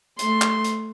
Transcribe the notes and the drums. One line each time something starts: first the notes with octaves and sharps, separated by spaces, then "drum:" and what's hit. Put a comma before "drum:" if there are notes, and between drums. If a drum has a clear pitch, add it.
A3 C6, drum: hi-hat
drum: clap
drum: hi-hat